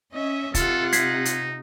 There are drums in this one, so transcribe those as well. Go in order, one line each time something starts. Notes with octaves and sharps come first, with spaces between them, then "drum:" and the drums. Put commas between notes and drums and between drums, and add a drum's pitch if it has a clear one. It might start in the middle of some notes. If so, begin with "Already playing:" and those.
C#4 D#5 E5
C3 F4 A4 F#5, drum: kick, hi-hat
D#4 G#6 B6 C7, drum: hi-hat
drum: hi-hat